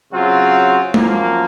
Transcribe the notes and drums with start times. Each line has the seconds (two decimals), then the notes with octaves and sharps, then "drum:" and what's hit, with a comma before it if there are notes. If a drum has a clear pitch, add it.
0.13 C#3 F#3 C4 F4
0.94 F#2 F3 A#3, drum: tom G#3